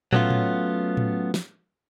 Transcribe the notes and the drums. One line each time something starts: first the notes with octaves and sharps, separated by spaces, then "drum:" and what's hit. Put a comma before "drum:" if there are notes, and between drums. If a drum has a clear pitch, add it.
F#3 A3 B3 C#4 F4, drum: tom
drum: tom A2
drum: tom A2
drum: snare